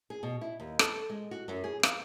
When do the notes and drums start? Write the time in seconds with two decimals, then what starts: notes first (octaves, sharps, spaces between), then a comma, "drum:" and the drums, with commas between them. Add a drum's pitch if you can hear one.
0.10 G#4
0.23 B2
0.41 E4
0.60 D#2
0.79 A4, drum: rim click
1.10 G#3
1.31 F#4
1.48 F#2
1.64 G#4
1.83 F5, drum: rim click